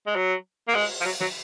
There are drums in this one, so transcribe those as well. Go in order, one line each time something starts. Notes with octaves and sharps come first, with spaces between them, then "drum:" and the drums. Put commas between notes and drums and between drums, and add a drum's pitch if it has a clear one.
G#3
F#3
A#3
G#3, drum: cymbal
F3, drum: open hi-hat
F#3
F#3, drum: snare